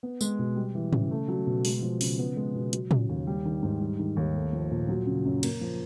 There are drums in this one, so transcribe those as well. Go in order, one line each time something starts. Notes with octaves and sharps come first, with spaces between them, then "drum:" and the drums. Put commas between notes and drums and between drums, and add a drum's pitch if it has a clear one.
B3
G#3, drum: tambourine
B2
G3
E3
C#3, drum: tom G#2
A3
F#3
B2
G#3, drum: open hi-hat
F3
C#3, drum: open hi-hat
B3
G#3
B2
F#3, drum: hi-hat
C#3, drum: tom A2
D#2
G3
D#3
G#2
G3
D#3
D#2
A3
F3
A#2
F#3
C#3
F#2
A#3, drum: cymbal
F3